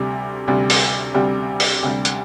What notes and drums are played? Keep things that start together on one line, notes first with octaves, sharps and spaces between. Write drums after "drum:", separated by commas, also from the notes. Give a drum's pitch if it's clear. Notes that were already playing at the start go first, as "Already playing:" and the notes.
Already playing: D2 C3 G3
D2 C3 G3
drum: open hi-hat
D2 C3 G3
drum: open hi-hat
D2 C3 G3
drum: hi-hat